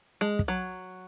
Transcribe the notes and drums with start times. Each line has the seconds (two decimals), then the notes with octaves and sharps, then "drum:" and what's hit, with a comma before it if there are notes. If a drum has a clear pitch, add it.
0.21 G#3
0.39 drum: kick
0.48 F#3